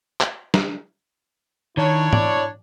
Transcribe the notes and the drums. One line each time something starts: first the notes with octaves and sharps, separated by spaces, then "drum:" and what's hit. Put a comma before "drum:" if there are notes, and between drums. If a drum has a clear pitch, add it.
drum: clap
drum: snare
D#3 D4 E4 C#5
D5, drum: tom G#2